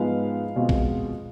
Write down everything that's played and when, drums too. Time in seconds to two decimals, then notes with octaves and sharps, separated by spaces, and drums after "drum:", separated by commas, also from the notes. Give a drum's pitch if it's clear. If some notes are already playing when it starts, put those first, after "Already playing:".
Already playing: G#2 F3 G#3 B3 F5
0.56 B2 G#3 C4 F4
0.69 drum: kick